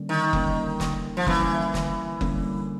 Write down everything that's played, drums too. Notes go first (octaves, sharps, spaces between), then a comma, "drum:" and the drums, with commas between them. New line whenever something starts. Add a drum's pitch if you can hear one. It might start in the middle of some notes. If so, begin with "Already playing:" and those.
Already playing: D3 G3 A#3 C#4
D#3
D3 G3 A#3 C#4, drum: kick F#1
drum: snare
F3
D3 E3 G3 A#3 C#4, drum: kick F#1
drum: snare
D3 G3 A#3 C#4, drum: kick F#1